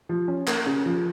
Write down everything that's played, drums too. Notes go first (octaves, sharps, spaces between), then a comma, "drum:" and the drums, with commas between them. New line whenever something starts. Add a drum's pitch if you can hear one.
F3
C#4
A#3, drum: clap
C#3
F3